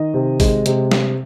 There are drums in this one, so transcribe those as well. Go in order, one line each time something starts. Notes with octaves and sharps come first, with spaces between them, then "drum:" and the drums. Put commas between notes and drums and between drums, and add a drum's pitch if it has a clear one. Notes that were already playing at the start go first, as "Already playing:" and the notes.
Already playing: D#3 D#5
C3
G#3, drum: kick, open hi-hat
C3, drum: hi-hat
drum: snare